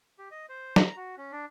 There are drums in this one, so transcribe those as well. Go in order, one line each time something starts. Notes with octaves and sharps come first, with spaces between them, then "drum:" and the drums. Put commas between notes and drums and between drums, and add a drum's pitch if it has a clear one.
G4
D#5
C5
A#5, drum: snare
F#4
C#4
D4